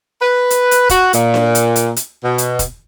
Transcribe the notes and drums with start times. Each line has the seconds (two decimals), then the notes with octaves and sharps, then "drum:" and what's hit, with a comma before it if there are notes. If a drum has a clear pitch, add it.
0.22 B4
0.50 drum: hi-hat
0.71 drum: hi-hat
0.89 F#4, drum: kick E1, hi-hat
1.13 A#2, drum: hi-hat
1.34 drum: snare D4
1.55 drum: hi-hat
1.76 drum: hi-hat
1.96 drum: hi-hat
2.24 B2
2.38 drum: hi-hat
2.59 drum: kick E1, hi-hat